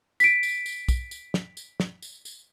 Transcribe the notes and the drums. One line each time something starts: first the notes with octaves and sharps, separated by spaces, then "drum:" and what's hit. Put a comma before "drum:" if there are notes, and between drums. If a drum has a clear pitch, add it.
B6 D7, drum: tambourine
drum: tambourine
drum: tambourine
drum: kick, tambourine
drum: tambourine
drum: snare
drum: tambourine
drum: snare
drum: tambourine
drum: tambourine